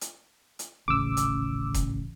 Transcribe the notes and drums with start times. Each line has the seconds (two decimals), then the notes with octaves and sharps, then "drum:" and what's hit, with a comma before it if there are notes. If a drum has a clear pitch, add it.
0.01 drum: hi-hat
0.59 drum: hi-hat
0.88 D#1 A1 C#3 D6 E6
1.17 drum: hi-hat
1.74 drum: kick F1, hi-hat